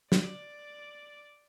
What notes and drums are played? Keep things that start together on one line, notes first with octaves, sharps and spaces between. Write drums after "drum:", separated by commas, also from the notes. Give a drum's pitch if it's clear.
D5, drum: snare